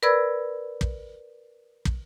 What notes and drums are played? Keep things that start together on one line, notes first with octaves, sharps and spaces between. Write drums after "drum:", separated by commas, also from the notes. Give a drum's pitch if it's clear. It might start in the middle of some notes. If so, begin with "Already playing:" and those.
A#4 B4 D5 B5 E6 G#6
drum: kick
drum: kick